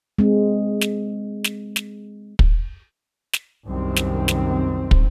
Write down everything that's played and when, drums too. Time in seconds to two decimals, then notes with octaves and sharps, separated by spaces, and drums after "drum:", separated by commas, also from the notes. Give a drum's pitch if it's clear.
0.19 G#3 C4
0.82 drum: snare
1.45 drum: snare
1.76 drum: snare
2.39 drum: kick
3.34 drum: snare
3.66 C2 F#2 D#3 C4
3.97 drum: snare
4.28 drum: snare
4.91 drum: kick